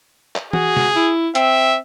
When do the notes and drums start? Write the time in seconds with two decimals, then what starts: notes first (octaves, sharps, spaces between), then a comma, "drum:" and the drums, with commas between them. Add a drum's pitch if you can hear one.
0.36 drum: clap
0.53 F#4 G#4, drum: tom E3
0.77 drum: snare
0.95 E4
1.35 C4 E5, drum: hi-hat